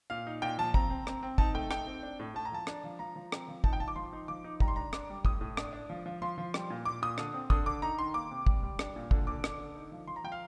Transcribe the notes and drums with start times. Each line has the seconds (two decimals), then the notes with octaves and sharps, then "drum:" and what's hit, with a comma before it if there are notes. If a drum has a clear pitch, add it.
0.10 A#2 F5
0.27 D#4
0.42 A#2 G5
0.58 F3 A5
0.74 C4 A#5, drum: kick
0.90 C4
1.07 C4, drum: rim click
1.23 C4
1.38 D#4 A5, drum: kick
1.54 A3 G5
1.71 D#4 G5, drum: rim click
1.87 C4
2.03 D4
2.20 A2
2.35 A2 A5
2.45 A#5
2.52 F3 A5
2.67 D4, drum: rim click
2.84 F3
2.99 F3 A#5
3.16 F3
3.32 C4, drum: rim click
3.48 F3
3.64 D#4 A5, drum: kick
3.73 G5
3.80 F3 A5
3.88 D6
3.96 F3 C6
4.13 D#4
4.28 F3 D6
4.44 D#4
4.60 G3 A#5, drum: kick
4.68 C6
4.76 D4 A#5
4.93 D4 D6, drum: rim click
5.10 G3
5.25 A2 D#6, drum: kick
5.41 A2
5.57 D4, drum: rim click
5.73 D4
5.90 F3
6.06 F3
6.22 F3 C6
6.38 F3
6.54 G3, drum: rim click
6.70 A#2
6.85 A#2 D6
7.02 A#2 D#6
7.18 D3, drum: rim click
7.34 C4
7.50 D3 D#6, drum: kick
7.66 D3 D6
7.82 D#4 A#5
7.99 D#3 C6
8.14 A#3 D6
8.31 C3
8.46 G3, drum: kick
8.63 G3
8.79 D4, drum: rim click
8.96 A#2
9.11 D3, drum: kick
9.27 D3 D6
9.44 D4, drum: rim click
9.59 D3
9.76 D#4
9.92 F3
10.07 F3 C6
10.16 A#5
10.24 F3 G5
10.32 F5